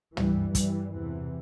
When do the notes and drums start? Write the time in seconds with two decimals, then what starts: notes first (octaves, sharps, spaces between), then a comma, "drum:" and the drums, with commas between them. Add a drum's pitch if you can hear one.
0.17 G2 E3 G3, drum: tom
0.55 E3 G3, drum: kick, hi-hat
0.93 E2 C3 E3